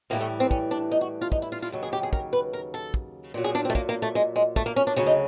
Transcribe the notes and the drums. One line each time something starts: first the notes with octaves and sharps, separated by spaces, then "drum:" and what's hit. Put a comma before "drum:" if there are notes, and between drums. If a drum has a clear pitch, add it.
A2 E3 G3 A#3
A3
C4
C#4, drum: kick
D4
D#4
F#4
F4
D#4, drum: kick
E4
F4
F4
D#2 C#3 F#3
G#4
G4
G#4
A#4, drum: kick
B4
A#4
A4
drum: kick
A#2 F#3
G#4
D4
C4
A3
A#3, drum: kick
A#3
A3
G#3
G#3
A3, drum: kick
A#3
C#4
D4
D2 C#3 F#3 C#4
D#4